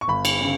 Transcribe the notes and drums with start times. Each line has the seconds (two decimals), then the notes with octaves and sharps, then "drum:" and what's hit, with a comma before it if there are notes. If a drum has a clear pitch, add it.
0.01 C#6
0.08 G1 B5
0.25 drum: cymbal
0.41 C#3